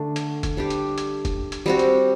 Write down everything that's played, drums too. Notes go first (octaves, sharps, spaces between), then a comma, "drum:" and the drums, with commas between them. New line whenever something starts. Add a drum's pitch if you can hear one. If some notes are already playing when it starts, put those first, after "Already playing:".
Already playing: D3 A3 D4
drum: hi-hat
drum: kick, hi-hat
G3 D4 G4
drum: hi-hat
drum: hi-hat
drum: kick, hi-hat
drum: hi-hat
G3 C4 F#4
drum: hi-hat